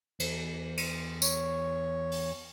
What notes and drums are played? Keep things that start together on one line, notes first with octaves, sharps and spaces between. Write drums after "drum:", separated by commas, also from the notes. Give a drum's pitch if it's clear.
E2, drum: cymbal
drum: cymbal
C#5, drum: tambourine
drum: open hi-hat